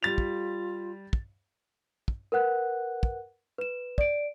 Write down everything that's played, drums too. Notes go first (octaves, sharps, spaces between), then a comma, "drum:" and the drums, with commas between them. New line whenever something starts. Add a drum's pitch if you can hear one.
G3 F4 A6 F7
drum: kick
drum: kick
drum: kick
A#4 B4 F#5 F#6
drum: kick
B4 E7
D5 D7, drum: kick